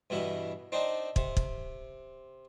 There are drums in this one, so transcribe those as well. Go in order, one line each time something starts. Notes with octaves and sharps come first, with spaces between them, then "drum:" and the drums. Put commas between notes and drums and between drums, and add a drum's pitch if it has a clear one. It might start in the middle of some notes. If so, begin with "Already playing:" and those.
G2 B2 E3 E4
C4 D4 D#4
C3, drum: kick
drum: kick